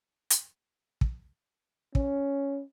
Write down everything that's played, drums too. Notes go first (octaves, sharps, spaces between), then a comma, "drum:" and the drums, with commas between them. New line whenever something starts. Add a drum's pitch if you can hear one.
drum: hi-hat
drum: kick
C#4, drum: kick